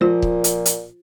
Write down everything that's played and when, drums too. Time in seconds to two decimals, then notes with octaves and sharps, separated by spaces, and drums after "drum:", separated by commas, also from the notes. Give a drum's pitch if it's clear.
0.01 A#2 F3 F4 C5
0.22 drum: kick
0.44 drum: hi-hat
0.66 drum: hi-hat